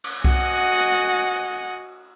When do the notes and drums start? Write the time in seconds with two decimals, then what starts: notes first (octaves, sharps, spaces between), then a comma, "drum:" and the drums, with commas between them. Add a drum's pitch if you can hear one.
0.04 drum: cymbal
0.24 F#4 D#5 F#5 G#5, drum: kick C2